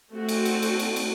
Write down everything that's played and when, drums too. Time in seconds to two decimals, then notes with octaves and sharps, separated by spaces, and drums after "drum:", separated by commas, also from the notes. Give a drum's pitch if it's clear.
0.12 A3 C4 F#4
0.29 drum: cymbal
0.45 drum: cymbal
0.62 drum: cymbal
0.79 drum: cymbal
0.96 drum: cymbal